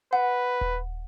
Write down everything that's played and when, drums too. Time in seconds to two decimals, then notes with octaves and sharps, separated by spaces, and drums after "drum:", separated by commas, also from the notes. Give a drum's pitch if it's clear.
0.13 B4 F#5
0.61 drum: kick D#1